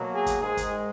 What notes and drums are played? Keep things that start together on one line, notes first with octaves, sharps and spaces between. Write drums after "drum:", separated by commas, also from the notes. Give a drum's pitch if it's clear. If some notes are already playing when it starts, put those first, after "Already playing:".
Already playing: B2 F#3 A#3
G#4
drum: kick, hi-hat
G#2 D#3 G#3 G#4
drum: kick, hi-hat